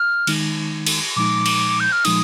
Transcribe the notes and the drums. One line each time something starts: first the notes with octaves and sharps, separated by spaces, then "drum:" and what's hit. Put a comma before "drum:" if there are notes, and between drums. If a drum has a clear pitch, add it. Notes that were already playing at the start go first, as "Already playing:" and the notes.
Already playing: F6
D#3 G#3 D#4, drum: cymbal
drum: cymbal
A#2 F3 G#3 D#4 D6
drum: cymbal
G6
F6
A#2 F3 G#3 D#4 D#6, drum: cymbal